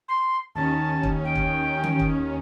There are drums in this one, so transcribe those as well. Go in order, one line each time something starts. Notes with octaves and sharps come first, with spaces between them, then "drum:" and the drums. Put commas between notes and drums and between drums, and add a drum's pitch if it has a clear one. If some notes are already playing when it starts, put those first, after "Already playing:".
C6
D#2 D#3 C#4 A5
drum: kick
G5
drum: kick
drum: tom D#3
drum: kick